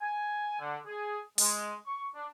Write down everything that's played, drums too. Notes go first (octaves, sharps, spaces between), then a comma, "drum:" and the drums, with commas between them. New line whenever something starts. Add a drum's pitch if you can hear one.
G#5
D3
G#4
G#3, drum: open hi-hat
C#6
D4